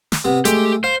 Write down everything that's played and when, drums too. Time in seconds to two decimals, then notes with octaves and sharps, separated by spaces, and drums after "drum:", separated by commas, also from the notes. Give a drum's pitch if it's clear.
0.12 drum: snare
0.25 C3 B3
0.45 G#3 A3 G4, drum: hi-hat
0.84 C5 F5